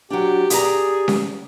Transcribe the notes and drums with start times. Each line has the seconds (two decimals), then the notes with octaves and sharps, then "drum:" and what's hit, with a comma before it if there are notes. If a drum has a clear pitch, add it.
0.10 F#3 D4 G4
0.50 G4 G#4 D5 A#5, drum: hi-hat
1.08 drum: snare C#4